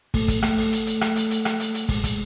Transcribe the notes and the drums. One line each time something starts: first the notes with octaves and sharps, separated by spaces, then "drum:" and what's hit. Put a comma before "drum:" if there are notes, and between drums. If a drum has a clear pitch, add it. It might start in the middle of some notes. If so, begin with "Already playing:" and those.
A3, drum: kick, open hi-hat
drum: kick, hi-hat
A3, drum: rim click
drum: open hi-hat
drum: hi-hat
drum: hi-hat
drum: rim click
drum: hi-hat
drum: hi-hat
drum: rim click
drum: hi-hat
drum: hi-hat
G#3, drum: kick, open hi-hat
drum: kick, hi-hat